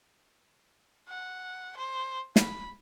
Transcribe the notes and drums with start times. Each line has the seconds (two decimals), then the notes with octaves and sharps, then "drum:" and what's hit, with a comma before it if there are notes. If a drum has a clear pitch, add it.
1.08 F#5
1.77 C5
2.36 B5, drum: snare